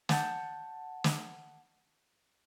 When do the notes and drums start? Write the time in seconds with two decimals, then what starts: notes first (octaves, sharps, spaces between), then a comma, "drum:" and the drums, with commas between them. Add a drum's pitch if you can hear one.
0.09 F#5 A5 G6, drum: snare
1.04 drum: snare